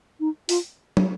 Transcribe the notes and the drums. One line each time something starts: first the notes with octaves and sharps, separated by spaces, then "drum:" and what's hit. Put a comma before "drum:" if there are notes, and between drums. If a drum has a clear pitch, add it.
D#4
F4, drum: open hi-hat
drum: tom